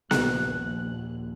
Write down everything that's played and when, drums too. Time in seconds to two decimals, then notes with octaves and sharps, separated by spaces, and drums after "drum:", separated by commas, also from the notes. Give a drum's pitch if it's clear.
0.11 A#1 D#2 F#6, drum: snare B3